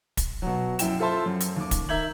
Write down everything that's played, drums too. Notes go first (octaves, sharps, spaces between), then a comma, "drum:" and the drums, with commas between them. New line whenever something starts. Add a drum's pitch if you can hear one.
drum: kick, hi-hat
B2 F#3
F#2 E4 G5 E7, drum: hi-hat
F4 A4 C5 E5 A5 C6
F#2
drum: hi-hat
D#2 D6
drum: kick, hi-hat
D#3 E5 A#5 G6 G#6 F#7